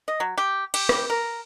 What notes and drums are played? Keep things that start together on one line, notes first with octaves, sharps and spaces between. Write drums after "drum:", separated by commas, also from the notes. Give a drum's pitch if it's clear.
D#5
F#3
G4
G4, drum: cymbal
E4 G4, drum: rim click
A#4